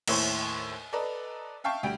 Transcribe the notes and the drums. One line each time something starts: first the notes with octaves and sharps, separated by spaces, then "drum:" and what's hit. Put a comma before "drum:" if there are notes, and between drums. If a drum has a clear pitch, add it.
D#2 A2 E4 C5 C#5 C#6, drum: cymbal
A4 B4 D5 D#5 A#5
E5 F5 G5 A5 C#6
D2 G3 G5 D7